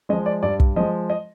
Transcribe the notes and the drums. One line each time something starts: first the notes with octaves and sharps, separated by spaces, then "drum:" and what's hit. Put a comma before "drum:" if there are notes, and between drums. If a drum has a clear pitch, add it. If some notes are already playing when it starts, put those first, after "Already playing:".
F3 G#3 D#5
D5
G2 D5
drum: kick
F3 G#3 D#5
D#5